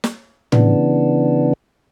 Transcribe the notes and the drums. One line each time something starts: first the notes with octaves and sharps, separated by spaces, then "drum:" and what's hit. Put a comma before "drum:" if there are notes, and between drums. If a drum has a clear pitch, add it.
drum: snare
C#3 E3 B3 D4, drum: tom A2